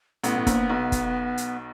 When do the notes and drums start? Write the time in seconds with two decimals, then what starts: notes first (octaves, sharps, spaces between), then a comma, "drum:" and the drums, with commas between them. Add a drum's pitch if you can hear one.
0.24 A1 A2 B3, drum: hi-hat
0.36 A2
0.47 A#1 A#2, drum: kick, hi-hat
0.69 B1 B2
0.92 drum: kick, hi-hat
1.37 drum: hi-hat